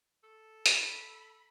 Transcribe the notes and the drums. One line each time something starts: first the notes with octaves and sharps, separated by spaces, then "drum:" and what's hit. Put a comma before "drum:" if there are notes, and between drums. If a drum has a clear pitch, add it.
A4
B5, drum: hi-hat